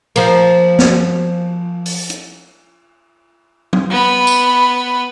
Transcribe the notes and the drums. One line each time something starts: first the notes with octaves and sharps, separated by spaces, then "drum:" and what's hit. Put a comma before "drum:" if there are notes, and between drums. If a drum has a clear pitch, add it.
F3 A#3, drum: cymbal
drum: snare
drum: open hi-hat
drum: hi-hat
drum: tom F#3
B3 B5
drum: tambourine